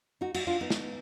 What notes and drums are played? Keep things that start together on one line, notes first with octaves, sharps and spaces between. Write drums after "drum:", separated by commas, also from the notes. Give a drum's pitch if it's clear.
D#4 F#4
D#4 F#4, drum: cymbal
D4 F4
B3 D#4
drum: snare